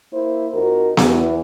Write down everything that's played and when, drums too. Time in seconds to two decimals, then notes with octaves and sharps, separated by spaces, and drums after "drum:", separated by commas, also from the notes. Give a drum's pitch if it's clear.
0.12 A#3 E4 C5
0.53 F2 D#4 F#4 A#4
0.97 E2, drum: snare B3